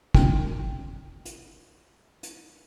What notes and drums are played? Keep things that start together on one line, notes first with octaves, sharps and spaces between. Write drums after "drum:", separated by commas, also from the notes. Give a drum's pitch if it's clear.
B3 C#4 D#4 F4 A#4 G5, drum: kick
drum: hi-hat
drum: hi-hat